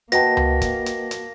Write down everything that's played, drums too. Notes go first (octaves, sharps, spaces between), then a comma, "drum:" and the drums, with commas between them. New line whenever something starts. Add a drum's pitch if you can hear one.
A#3 F#4 B4 D#5 G5 A5 A#6, drum: hi-hat
drum: tom C#2
drum: kick, hi-hat
drum: hi-hat
drum: hi-hat